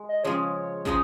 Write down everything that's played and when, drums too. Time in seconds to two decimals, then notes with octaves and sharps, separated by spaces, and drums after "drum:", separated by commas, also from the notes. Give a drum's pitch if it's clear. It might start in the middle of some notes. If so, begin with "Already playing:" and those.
Already playing: G#3
0.09 D#5
0.24 C#3 F3 G#3 C#5
0.85 C#3 F3 G#3 D#4, drum: kick